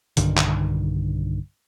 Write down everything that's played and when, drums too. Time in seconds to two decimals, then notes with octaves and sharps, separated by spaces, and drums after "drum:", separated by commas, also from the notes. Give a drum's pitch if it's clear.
0.17 B1 G2 D3 D#3, drum: hi-hat
0.37 drum: clap